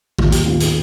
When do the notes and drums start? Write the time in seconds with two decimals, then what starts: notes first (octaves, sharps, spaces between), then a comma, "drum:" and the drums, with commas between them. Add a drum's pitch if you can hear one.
0.19 D#2 F4, drum: kick
0.32 G4, drum: hi-hat
0.46 D#3 B3 F4
0.60 G#4, drum: hi-hat